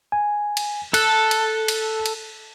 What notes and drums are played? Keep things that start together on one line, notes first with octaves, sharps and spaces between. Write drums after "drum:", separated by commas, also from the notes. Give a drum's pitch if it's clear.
G#5
drum: cymbal
A4 F#6, drum: cymbal
drum: cymbal
drum: cymbal
drum: cymbal